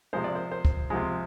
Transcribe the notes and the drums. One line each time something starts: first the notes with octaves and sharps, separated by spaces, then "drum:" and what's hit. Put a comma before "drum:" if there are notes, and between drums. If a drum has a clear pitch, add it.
C3 F3 G#3 C5
D5
C5
C5
drum: kick C#2
C3 F3 G#3